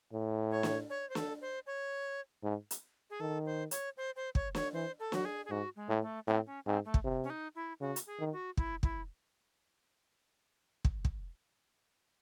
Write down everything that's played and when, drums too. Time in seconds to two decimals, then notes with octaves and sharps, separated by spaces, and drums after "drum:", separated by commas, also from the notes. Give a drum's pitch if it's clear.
0.13 A2
0.51 C#5
0.63 drum: snare
0.90 C#5
1.09 C5
1.15 A4, drum: snare
1.41 C5
1.67 C#5
2.43 G#2
2.71 drum: hi-hat
3.10 G#4
3.20 D#3 A4
3.46 C5
3.71 C#5, drum: hi-hat
3.97 C5
4.16 C5
4.35 C#5, drum: kick
4.55 C#5, drum: snare
4.73 E3 C5
4.99 A4
5.12 F#3 F#4, drum: snare
5.25 G#4
5.45 G#4
5.50 G#2 F#4
5.76 G#3
5.89 A2
6.02 A3
6.27 A2 C4
6.46 C#4
6.66 G#2 C4
6.85 A3
6.94 drum: kick
7.04 C3
7.24 C#4
7.30 D#4
7.55 E4
7.81 C#3 F#4
7.96 drum: hi-hat
8.06 G#4
8.20 D#3
8.32 F#4
8.57 E4, drum: kick
8.83 E4, drum: kick
10.85 drum: kick
11.05 drum: kick